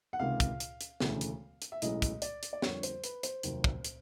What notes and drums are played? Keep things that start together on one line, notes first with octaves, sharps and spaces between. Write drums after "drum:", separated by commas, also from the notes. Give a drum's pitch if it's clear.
F#5
C#2 C3 D#3 F5
drum: kick, hi-hat
drum: hi-hat
drum: hi-hat
E1 D2 C#3 E3 A3, drum: snare
drum: hi-hat
drum: hi-hat
E5
B1 A2 E3 G#3 C#4 D#5, drum: hi-hat
drum: kick, hi-hat
D5, drum: hi-hat
drum: hi-hat
D5
F2 D3 G3 A#3 C#5, drum: snare
C5, drum: hi-hat
B4, drum: hi-hat
C5, drum: hi-hat
F1 D#2 D#3 F#3, drum: hi-hat
drum: kick
drum: hi-hat